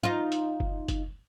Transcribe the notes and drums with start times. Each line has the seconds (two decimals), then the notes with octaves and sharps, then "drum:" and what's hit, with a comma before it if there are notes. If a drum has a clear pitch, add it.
0.03 D#4 F4
0.32 drum: hi-hat
0.60 drum: kick F#1
0.88 drum: kick F#1, hi-hat